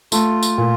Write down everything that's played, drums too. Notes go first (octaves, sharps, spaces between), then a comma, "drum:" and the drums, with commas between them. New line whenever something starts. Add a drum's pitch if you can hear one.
A3 F4, drum: tambourine
drum: tambourine
A#2